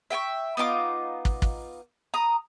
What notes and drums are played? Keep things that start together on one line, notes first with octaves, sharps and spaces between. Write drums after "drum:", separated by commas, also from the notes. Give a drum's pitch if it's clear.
E5 G5 G#5 C#6
B3 D#4 F4 D6
drum: kick
drum: kick
A#5 D#6